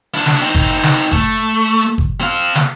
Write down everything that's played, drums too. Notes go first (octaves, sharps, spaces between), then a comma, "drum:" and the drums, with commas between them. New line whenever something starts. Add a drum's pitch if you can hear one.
D4 E4
drum: snare
C4 D#4
drum: kick G1
drum: snare
A3, drum: kick G1
drum: kick G1
C4 F5
drum: snare